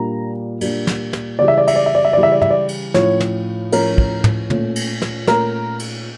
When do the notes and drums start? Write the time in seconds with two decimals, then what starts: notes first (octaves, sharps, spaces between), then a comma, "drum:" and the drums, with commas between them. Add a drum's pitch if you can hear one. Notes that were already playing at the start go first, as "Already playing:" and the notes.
Already playing: A#2 G3 A#3 D4 A#5
0.61 A#2 G3 A#3 D4, drum: cymbal
0.87 drum: snare
1.13 drum: snare
1.39 C#3 E3 G3 D5
1.48 E5
1.58 D5
1.68 E5, drum: cymbal
1.76 D5
1.86 E5
1.95 D5
2.05 E5
2.13 C#3 E3 G3 D5
2.23 E5
2.32 D5
2.42 E5, drum: tom
2.50 D5
2.69 drum: cymbal
2.94 A2 F3 C#4 C#5, drum: snare
3.20 drum: snare
3.72 A2 F3 C#4 A#4, drum: cymbal
3.98 drum: kick
4.24 drum: tom
4.50 A#2 A3 C#4, drum: tom
4.76 drum: cymbal
5.02 drum: snare
5.27 A#2 A3 C#4 A#4, drum: snare
5.79 drum: cymbal